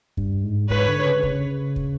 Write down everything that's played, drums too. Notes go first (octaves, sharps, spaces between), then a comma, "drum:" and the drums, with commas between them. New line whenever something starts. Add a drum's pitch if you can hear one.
G2, drum: kick
G#2
G#2 B4 C#5, drum: kick
D3
C#3
D3
C#3, drum: kick
drum: kick